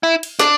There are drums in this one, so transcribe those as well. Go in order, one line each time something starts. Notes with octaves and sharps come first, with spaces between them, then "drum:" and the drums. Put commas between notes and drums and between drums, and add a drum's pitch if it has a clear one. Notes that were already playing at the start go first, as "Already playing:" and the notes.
E4
drum: cymbal
D4, drum: snare